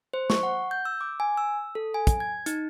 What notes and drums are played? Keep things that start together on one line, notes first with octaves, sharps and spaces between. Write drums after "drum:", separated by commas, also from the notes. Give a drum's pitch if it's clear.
C5
C#6, drum: snare
F#5
G6
E6
D6
G#5
E6
A4
G#5
drum: kick, hi-hat
G#6
D#4, drum: hi-hat